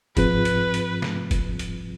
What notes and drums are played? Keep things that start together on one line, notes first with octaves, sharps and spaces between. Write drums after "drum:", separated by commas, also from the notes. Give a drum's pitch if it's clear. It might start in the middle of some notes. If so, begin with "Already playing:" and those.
G#2 F3 C4 F4 G#4 B4, drum: kick, hi-hat
drum: hi-hat
drum: hi-hat
drum: snare
drum: kick, hi-hat
drum: hi-hat